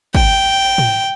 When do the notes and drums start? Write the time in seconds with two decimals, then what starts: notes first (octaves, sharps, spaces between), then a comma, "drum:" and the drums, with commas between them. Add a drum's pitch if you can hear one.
0.15 G5, drum: kick
0.78 drum: tom